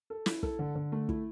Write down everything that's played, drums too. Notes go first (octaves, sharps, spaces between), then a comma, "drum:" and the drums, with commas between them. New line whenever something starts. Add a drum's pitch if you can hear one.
A4
E4, drum: snare
A4, drum: kick
D3
D3
A3
E4, drum: kick